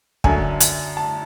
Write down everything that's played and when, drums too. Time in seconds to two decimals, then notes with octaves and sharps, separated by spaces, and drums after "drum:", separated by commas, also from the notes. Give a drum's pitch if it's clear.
0.24 F#2 D3 F#3 A3 G#5, drum: kick
0.60 drum: hi-hat
0.97 A5